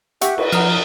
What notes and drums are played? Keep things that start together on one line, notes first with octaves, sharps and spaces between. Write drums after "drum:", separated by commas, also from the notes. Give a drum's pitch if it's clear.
G4 E5 F#5 C#6, drum: hi-hat
B4, drum: cymbal
F3 F#5 A#5 D#6 F6, drum: cymbal